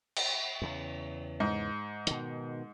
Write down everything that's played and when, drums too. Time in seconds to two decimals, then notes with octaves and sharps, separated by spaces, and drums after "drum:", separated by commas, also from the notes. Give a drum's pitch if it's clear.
0.17 drum: cymbal
0.62 E2 C#3
1.40 G#2
2.07 B2 D#3, drum: hi-hat